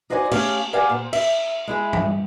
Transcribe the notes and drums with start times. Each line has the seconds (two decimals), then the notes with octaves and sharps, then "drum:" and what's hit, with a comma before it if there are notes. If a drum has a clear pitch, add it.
0.10 D#4 F#4 C5 D5 D#5 G#5
0.31 A3 C#4 G4 G#4 C#5 F5, drum: cymbal
0.73 G4 G#4 D5 F5 F#5 G#5
0.89 A#2 C5
1.13 E5, drum: cymbal
1.68 G#3 E4 G#4
1.93 drum: tom G2